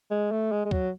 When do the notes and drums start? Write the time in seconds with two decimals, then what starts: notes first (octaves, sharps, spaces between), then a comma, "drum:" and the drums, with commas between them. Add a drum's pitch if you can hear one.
0.10 G#3
0.31 A3
0.52 G#3
0.65 G#3
0.71 F#3, drum: kick D2